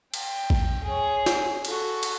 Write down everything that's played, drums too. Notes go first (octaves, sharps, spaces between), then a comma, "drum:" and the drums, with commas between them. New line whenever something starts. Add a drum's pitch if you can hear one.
G5, drum: cymbal
drum: kick
G#4 C#5
drum: snare
F#4 A4, drum: cymbal
drum: cymbal